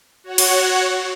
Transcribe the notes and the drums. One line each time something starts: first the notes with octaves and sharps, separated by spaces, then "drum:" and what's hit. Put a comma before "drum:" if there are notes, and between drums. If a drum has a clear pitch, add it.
F#4 C#5 F#5
drum: cymbal